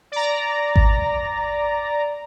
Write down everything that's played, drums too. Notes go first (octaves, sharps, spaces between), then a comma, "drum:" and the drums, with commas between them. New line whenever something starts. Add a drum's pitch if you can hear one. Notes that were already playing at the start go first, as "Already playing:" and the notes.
D5 A#5
drum: kick G#1